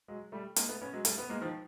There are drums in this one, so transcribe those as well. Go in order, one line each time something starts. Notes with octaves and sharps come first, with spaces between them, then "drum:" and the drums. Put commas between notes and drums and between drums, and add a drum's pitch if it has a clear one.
F#3 G#3
G3 A3
G#3 A#3, drum: hi-hat
A3 B3
B3 C#4
F#3 G#3
G3 A3, drum: hi-hat
B3
G#3 A#3
D#3 F3